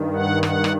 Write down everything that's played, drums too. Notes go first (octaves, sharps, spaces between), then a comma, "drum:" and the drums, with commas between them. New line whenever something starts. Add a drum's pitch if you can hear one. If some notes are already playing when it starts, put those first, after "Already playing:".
Already playing: G2 D#3
F#5
F#5, drum: rim click
drum: rim click